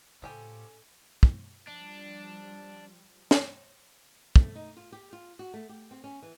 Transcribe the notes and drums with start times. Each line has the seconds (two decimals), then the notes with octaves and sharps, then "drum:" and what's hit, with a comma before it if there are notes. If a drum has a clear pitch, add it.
0.22 A2 C#3 F3 C#4 G4 A4 G5 G#5
1.23 drum: kick
1.68 F3 G3 D4
3.31 drum: snare
4.36 A3, drum: kick
4.55 D#4
4.77 F4
4.92 G4
5.13 F4
5.39 F#4
5.54 A3
5.69 G4
5.91 C4
6.04 C#4
6.22 E3